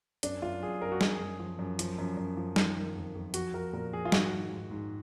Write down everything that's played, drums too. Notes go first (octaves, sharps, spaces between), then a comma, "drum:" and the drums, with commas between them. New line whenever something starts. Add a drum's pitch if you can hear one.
F#2 D4, drum: hi-hat
F#2 F4
F#2 G#4
F#2 A#4
F#4
F#2 G#4, drum: snare
F#2
F3
F#2
F3, drum: hi-hat
F#2
F#2
F3
D#3, drum: snare
D#3
F2
F2
F3 F#4, drum: hi-hat
F3 A#4
A#2 A#4
F3 G#4
F4
G#2 F#4, drum: snare
D#3
G#2
G#2